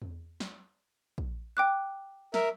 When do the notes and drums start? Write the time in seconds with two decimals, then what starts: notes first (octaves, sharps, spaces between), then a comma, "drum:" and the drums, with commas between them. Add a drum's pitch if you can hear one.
0.02 drum: tom E2
0.40 drum: snare
1.18 drum: kick
1.57 G5 D6 F#6
2.34 A#4 E5, drum: snare